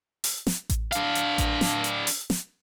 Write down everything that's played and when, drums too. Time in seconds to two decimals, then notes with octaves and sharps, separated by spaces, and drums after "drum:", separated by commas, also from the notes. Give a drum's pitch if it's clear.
0.24 drum: open hi-hat
0.47 drum: snare
0.69 drum: kick A1, hi-hat
0.92 D4 F5, drum: hi-hat
1.15 drum: hi-hat
1.38 drum: kick A1, hi-hat
1.61 drum: snare
1.84 drum: hi-hat
2.07 drum: open hi-hat
2.30 drum: snare